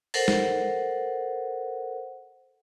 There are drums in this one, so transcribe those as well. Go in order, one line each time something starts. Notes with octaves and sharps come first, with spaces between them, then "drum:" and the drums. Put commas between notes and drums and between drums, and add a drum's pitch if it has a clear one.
A4 A#4 C5 F#5, drum: open hi-hat
drum: snare